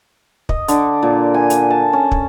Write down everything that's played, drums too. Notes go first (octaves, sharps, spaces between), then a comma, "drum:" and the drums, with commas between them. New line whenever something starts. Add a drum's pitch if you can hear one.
D#5, drum: kick
D3, drum: hi-hat
A#2
G#5
drum: hi-hat
A5
C#4
drum: kick